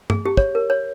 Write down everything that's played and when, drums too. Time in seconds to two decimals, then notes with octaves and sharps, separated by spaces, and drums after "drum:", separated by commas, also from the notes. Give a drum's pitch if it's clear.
0.10 G#4, drum: tom G2
0.26 G4
0.37 C#5, drum: kick
0.55 A#4
0.70 C#5